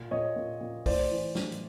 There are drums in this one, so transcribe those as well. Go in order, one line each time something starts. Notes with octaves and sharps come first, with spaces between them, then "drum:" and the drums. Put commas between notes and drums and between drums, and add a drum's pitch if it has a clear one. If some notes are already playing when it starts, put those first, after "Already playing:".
Already playing: A#2
A#2 C#5 D#5
A#2
A#2
A2 C5 D5, drum: kick B1, open hi-hat
E3
A2, drum: snare
drum: hi-hat